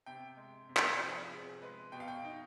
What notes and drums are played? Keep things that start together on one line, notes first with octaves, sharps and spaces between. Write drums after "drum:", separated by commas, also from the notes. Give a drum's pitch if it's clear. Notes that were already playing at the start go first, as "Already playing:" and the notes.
C3 G5
G#3
C3
B4, drum: clap
F3 C5
C3 G#4
G#3 B4
B2 G5
F5
G5
D#4